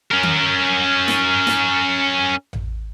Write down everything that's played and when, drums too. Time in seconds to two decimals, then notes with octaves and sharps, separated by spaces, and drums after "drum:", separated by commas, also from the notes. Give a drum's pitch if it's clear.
0.11 C#4 A#4
0.23 drum: tom D#3
1.08 drum: snare
1.47 drum: snare
2.53 drum: tom A1